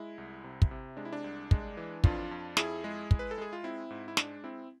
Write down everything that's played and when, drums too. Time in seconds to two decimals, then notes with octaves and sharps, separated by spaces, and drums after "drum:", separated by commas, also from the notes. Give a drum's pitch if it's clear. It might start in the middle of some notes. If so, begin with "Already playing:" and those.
Already playing: G#3 E4
0.18 C2
0.44 C3
0.62 drum: kick
0.71 C3
0.97 G#3 D4
1.05 E4
1.13 D4
1.24 C2
1.51 G#3, drum: kick
1.77 E3
2.04 F2 D4 F4, drum: kick
2.31 F2
2.57 F2 E4 G#4, drum: snare
2.84 G#3
3.11 G#3, drum: kick
3.19 B4
3.31 A4
3.38 G#3 G#4
3.53 F4
3.64 C4 E4
3.90 G#2
4.08 E4
4.17 G#3 D4, drum: snare
4.44 C4 E4